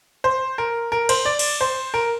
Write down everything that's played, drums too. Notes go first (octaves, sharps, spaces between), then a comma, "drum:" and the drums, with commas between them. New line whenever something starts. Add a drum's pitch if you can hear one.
C5
A#4
A#4
C5, drum: cymbal
D5
drum: cymbal
C5
A#4